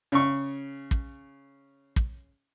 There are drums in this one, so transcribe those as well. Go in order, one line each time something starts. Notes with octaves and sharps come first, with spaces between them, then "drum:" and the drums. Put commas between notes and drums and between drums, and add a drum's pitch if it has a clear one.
C#3 C#6
drum: kick
drum: kick